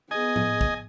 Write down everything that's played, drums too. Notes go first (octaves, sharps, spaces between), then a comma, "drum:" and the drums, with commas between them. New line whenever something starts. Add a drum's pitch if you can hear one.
B3 G#4 D#5 G#5
drum: tom
drum: kick